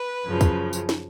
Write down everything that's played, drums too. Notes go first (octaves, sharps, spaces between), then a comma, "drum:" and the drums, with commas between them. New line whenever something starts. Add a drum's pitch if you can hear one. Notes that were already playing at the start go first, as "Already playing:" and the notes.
Already playing: B4
F#2 C#3 F3
drum: kick, tambourine
drum: tambourine
drum: snare